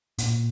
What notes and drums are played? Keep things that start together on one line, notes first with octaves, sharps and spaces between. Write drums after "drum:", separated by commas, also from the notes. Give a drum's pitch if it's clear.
A#2, drum: hi-hat